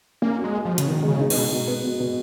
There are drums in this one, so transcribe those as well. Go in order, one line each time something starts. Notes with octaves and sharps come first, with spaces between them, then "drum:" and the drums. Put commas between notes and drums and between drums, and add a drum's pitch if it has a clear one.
A#3 C#4
F#4
G#3
F#4
F3
F#4
C#3, drum: hi-hat
B2 D#3
C#3 G#3
D#4
B2, drum: cymbal
G#3
B2
B3
B2
B2